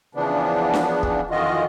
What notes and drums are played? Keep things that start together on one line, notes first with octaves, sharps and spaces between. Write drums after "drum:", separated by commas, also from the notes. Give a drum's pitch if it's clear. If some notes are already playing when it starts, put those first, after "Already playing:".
C#3 E3 F3 B3 D4
drum: snare D4
drum: kick
F2 D#3 E3 F4 F#4 D#5